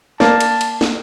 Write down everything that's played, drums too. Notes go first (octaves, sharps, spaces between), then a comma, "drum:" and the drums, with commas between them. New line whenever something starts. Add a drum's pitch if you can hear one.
A#3 D5 A5, drum: snare
drum: cymbal
drum: cymbal
drum: snare